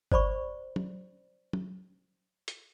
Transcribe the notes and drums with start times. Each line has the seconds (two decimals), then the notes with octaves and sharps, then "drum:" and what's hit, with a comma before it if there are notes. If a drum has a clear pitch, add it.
0.12 C5 D5 B5 C#6, drum: kick G1
0.76 drum: tom
1.53 drum: tom
2.48 drum: hi-hat